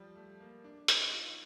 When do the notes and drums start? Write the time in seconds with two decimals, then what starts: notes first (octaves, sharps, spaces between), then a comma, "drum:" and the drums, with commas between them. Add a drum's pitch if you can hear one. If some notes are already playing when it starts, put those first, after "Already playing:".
Already playing: F3 G3
0.15 A3
0.40 A#3
0.64 D4
0.88 D#4, drum: hi-hat
1.02 D#4
1.13 F4